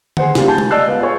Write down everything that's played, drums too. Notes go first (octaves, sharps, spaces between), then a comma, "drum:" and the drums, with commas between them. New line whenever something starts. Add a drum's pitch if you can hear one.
G#4 C5 F#5, drum: tom D3
C#3 G3 A#3 F4 G4, drum: snare
G#5 A5 G6
drum: tom G#3
D5 D#5 A5 E6 F#6 C7
B3 F5
F4 G#4 C#5